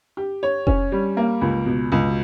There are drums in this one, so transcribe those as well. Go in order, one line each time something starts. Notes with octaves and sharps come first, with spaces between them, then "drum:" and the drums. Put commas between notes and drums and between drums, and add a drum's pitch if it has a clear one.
G4
C#5
C#4, drum: kick F1
G3
A#3
C#2
B2
C#2